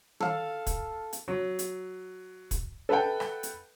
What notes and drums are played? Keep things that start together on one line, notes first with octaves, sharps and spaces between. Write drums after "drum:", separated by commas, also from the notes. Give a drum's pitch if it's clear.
A4 F5, drum: tom
drum: kick, hi-hat
drum: hi-hat
F#3
drum: hi-hat
drum: kick, hi-hat
A4 B4 E5 F#5 G5
drum: rim click
drum: hi-hat